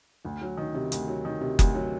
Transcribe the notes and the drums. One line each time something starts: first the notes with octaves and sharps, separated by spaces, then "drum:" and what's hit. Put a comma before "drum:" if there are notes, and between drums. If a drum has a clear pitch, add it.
D2
F#3
D#3
C3
D2, drum: hi-hat
F#3
D#3
C3
D2, drum: kick F#1, hi-hat
F#3